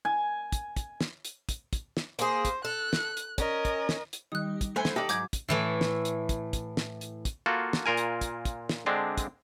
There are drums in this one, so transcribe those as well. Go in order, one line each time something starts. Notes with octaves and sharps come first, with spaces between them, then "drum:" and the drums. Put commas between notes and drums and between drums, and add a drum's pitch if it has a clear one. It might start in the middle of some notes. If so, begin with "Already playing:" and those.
G#5
drum: kick, hi-hat
drum: kick, hi-hat
drum: snare
drum: hi-hat
drum: kick, hi-hat
drum: kick, hi-hat
drum: snare
A#3 G#4 C5, drum: hi-hat
drum: kick, hi-hat
A4 F#6
drum: snare
drum: hi-hat
C#4 A#4 D#5, drum: kick, hi-hat
drum: kick, hi-hat
drum: snare
drum: hi-hat
D#3 G3 D#4 D#6 F#6
drum: kick, hi-hat
A3 C5 F#5 G#5 B5
drum: snare
D#4 G4 A4 D5
G#2 F#3 D6 G6 G#6, drum: hi-hat
drum: kick, hi-hat
A2 E3 A3
drum: snare
drum: hi-hat
drum: kick, hi-hat
drum: kick, hi-hat
drum: snare
drum: hi-hat
drum: kick, hi-hat
A#3 F4 F#4 A4
drum: snare
A#2 F4 A#4 G#5
drum: hi-hat
drum: kick, hi-hat
drum: kick, hi-hat
drum: snare
D3 G#3 C4 D4
drum: kick, hi-hat